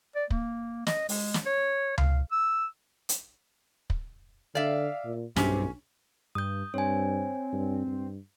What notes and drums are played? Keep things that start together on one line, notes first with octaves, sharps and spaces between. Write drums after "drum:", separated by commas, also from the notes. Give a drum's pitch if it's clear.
D5
A#3, drum: kick
D#5, drum: snare
G#3, drum: open hi-hat
drum: snare
C#5
F5, drum: tom C#2
E6
drum: hi-hat
drum: kick
D3 D5 E5 F5
A#2
B1 G2 C3 C#4, drum: snare
G2 D#6 G6
G2 C4 C#5 G#5
G2
G2